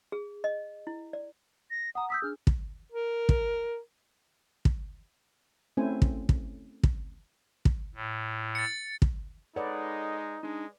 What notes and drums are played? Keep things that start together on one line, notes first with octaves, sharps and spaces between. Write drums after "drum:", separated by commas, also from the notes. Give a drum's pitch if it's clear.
G#4
D#5
E4
D5
A#6
F#5 A#5 D#6
D#6 E6 G6 B6
D4 G#4 F6
drum: kick
A#4
drum: kick
drum: kick
A3 C4 C#4 E4 C5 G#5
drum: kick
drum: kick
drum: kick
drum: kick
A2
A6 C#7
drum: kick
G#3 D#4 A4 B4 C#5 D5 F#5
G#3 D4 D#4